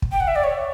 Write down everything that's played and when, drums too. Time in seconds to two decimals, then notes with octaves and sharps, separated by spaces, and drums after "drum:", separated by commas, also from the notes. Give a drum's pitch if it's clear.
0.02 drum: kick
0.12 G5
0.20 F#5
0.28 E5
0.36 D5
0.44 C#5